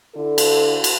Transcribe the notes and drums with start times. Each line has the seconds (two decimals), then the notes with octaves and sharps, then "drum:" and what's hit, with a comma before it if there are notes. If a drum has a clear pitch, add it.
0.15 D3 E4 A4
0.38 drum: cymbal
0.84 drum: cymbal